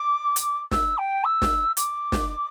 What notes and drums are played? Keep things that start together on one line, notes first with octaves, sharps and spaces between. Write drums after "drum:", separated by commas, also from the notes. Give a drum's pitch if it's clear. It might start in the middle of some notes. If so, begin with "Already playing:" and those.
Already playing: D6
drum: hi-hat
E6, drum: snare
G5
E6
drum: snare
D6, drum: hi-hat
drum: snare